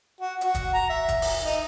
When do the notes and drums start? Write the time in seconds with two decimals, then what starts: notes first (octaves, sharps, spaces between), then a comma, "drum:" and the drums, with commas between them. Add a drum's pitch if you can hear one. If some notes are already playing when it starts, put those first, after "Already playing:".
0.21 F#4
0.41 F#4, drum: hi-hat
0.55 drum: kick, hi-hat
0.74 A#5
0.89 E5
1.08 drum: kick, hi-hat
1.22 drum: open hi-hat
1.44 D#4